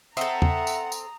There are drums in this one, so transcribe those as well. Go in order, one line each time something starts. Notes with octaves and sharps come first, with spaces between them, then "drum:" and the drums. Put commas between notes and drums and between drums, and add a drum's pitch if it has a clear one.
C4 A4 E5 F#5 A#5 D#6 C7, drum: tambourine
drum: tom E2
drum: tambourine
drum: tambourine